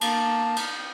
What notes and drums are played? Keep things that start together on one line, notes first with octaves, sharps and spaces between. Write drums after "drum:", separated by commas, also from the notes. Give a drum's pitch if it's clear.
A#3 A5, drum: cymbal
drum: cymbal